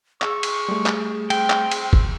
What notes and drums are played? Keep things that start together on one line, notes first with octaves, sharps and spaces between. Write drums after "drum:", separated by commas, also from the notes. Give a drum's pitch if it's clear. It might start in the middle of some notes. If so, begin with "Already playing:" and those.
G#4 C#6 E6, drum: clap
drum: cymbal
G3 A3
drum: clap
C4 G5, drum: cymbal
drum: clap
drum: cymbal
drum: kick G1